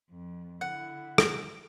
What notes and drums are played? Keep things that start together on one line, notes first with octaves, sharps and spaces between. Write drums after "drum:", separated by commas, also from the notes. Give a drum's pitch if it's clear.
F2
D3 E4 F#5
drum: rim click